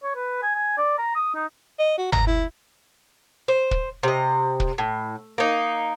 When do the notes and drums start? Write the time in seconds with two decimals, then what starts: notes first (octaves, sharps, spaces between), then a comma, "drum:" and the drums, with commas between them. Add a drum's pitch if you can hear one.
0.03 C#5
0.16 B4
0.42 G#5
0.55 G#5
0.78 D5
0.98 A#5
1.15 D#6
1.35 D#4
1.79 D#5
1.98 F#4
2.12 A#5, drum: tom G1
2.27 E4
3.48 C5
3.71 drum: kick
4.03 C3 D#5
4.60 drum: kick
4.78 A2
5.38 A#3 D#4